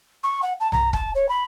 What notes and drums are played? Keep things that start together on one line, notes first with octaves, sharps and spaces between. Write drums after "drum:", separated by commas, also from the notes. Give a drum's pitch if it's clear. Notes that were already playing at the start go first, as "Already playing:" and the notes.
C#6
F#5
A5
A#5, drum: tom B1
A5, drum: kick
C#5
B5